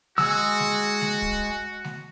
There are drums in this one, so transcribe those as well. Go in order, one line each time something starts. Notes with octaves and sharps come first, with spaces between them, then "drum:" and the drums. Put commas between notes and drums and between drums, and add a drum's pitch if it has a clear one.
G#3 F#4 G#4 E6, drum: snare G#3
drum: snare G#3
drum: snare G#3
drum: kick
drum: snare G#3